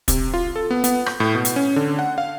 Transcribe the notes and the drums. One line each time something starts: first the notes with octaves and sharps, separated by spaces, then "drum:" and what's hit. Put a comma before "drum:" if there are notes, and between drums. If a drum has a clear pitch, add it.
C3, drum: kick, hi-hat
F4
A4
B3
B3, drum: hi-hat
G6, drum: rim click
A2
B2
drum: hi-hat
C#4
D3
F#5
F5